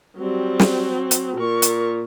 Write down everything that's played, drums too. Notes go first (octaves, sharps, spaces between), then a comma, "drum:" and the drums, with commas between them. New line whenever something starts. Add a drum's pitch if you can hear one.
F#3 G3 C4
drum: snare
drum: hi-hat
A#2 A#4 C#6
drum: hi-hat